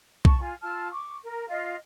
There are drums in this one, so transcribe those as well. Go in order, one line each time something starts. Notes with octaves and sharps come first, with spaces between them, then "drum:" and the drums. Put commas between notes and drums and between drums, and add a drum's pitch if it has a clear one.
A5 C#6, drum: kick B1
F4 G#5
F4 A5 E6 F6
C#6 D6
A#4
F4 D#5 F5